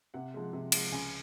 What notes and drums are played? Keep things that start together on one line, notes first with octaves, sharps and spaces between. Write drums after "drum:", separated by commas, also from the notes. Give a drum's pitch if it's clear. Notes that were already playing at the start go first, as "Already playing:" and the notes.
C3 F#5
F3 G#3
C3
F3 G#3, drum: cymbal
C#2 G#5